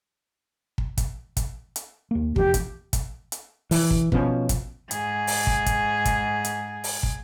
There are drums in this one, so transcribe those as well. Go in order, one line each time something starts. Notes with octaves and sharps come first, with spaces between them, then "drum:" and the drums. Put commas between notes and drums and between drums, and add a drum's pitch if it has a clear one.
drum: kick
drum: kick, hi-hat
drum: kick, hi-hat
drum: hi-hat
D#2 A#3
E1 F3 G4, drum: kick
drum: kick, hi-hat
drum: kick, hi-hat
drum: hi-hat
E3, drum: open hi-hat
drum: kick
B2 F3 C#4, drum: kick
drum: kick, hi-hat
G#2 G#4, drum: hi-hat
drum: open hi-hat
drum: kick
drum: kick, hi-hat
drum: kick, hi-hat
drum: hi-hat
drum: open hi-hat
drum: kick